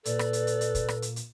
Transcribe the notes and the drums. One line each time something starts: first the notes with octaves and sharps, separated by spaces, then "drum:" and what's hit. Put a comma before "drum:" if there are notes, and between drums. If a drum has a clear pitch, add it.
A#2 A4 B4 D5, drum: hi-hat
drum: rim click
drum: hi-hat
drum: hi-hat
drum: hi-hat
drum: kick, hi-hat
drum: rim click
drum: hi-hat
drum: hi-hat